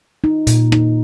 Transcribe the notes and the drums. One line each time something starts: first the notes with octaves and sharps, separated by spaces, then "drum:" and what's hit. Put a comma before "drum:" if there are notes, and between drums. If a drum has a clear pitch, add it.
D#4
A#2, drum: hi-hat
D#4, drum: rim click